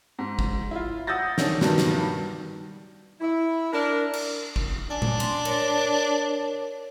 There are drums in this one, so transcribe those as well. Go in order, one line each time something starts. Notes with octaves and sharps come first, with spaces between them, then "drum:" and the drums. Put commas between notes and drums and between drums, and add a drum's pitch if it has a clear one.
G#2
drum: kick G#1
E4 F4
F#5 D#6 E6 G6 A6 A#6
D#3 C#4 D4, drum: snare
G2 B2 D#3 F#3 G3, drum: snare
drum: snare
E4
D4 A#4
drum: cymbal
drum: kick G#1
D4 G#5
drum: tom A#2
C6, drum: cymbal
A#4 C#5 A5, drum: cymbal